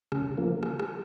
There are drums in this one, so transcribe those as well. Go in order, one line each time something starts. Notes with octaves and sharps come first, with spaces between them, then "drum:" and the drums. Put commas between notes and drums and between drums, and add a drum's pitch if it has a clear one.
C#3, drum: rim click
F3 A#3
drum: rim click
drum: rim click